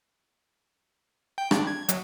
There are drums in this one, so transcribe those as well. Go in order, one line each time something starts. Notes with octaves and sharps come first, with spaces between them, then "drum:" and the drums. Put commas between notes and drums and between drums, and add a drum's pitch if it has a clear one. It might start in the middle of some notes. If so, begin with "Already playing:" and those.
G5
D4, drum: rim click
G#6
F#3, drum: hi-hat